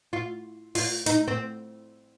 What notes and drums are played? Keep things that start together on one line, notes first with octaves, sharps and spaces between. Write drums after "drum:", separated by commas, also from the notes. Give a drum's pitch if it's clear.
F4
F4, drum: open hi-hat
D#4, drum: hi-hat
C4